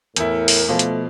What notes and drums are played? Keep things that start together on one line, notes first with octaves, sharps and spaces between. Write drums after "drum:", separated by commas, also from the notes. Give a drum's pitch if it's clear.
E2 A2 E4 A#4, drum: hi-hat
drum: open hi-hat
B2 F3 A3 D5 F5
drum: hi-hat